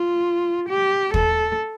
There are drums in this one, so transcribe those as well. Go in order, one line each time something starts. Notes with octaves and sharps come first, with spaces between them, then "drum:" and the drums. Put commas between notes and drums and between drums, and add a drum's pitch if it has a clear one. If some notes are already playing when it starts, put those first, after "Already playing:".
Already playing: F4
G4
A4, drum: kick